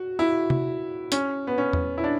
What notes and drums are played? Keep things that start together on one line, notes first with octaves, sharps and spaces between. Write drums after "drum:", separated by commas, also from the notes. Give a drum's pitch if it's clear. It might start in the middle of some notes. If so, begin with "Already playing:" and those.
Already playing: F#4
E4
drum: tom C3
C#4, drum: hi-hat
B3
C#4
drum: tom E2
E4
D4